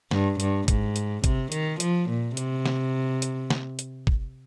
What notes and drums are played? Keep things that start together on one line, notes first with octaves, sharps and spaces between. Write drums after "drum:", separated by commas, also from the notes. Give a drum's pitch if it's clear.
G2, drum: snare
G2, drum: hi-hat
G#2, drum: kick, hi-hat
drum: hi-hat
C3, drum: kick, hi-hat
D#3, drum: hi-hat
F3, drum: hi-hat
A#2
C3, drum: hi-hat
drum: snare
drum: hi-hat
drum: snare
drum: hi-hat
drum: kick